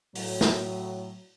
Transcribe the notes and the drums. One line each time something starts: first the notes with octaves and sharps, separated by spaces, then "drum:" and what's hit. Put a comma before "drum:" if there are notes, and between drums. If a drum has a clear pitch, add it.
A2 F#3, drum: open hi-hat
drum: snare